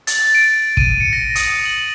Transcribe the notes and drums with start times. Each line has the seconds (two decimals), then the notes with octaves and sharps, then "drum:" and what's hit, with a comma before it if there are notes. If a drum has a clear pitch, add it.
0.07 A6, drum: hi-hat
0.35 D7
0.77 D#7, drum: kick
1.00 C#7
1.13 A#6
1.36 D#6, drum: hi-hat
1.65 F#7